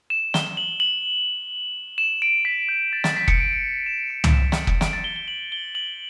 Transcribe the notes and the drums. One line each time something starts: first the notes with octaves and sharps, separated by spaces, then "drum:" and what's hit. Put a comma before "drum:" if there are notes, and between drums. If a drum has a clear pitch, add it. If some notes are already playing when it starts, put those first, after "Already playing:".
E7
G7, drum: snare
F#7
F#7
E7
D7
B6
G6
A6
A6, drum: snare
B6
C#7, drum: kick
D7
E7
D7
drum: tom
E7
drum: snare
drum: kick
D7, drum: snare
A6
G7
G7
F#7
G7
F#7